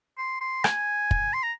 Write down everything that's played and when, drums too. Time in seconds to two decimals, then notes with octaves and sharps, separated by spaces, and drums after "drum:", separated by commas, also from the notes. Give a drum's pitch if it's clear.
0.18 C6
0.41 C6
0.64 G#5, drum: rim click
1.11 drum: kick
1.33 C6
1.43 A#5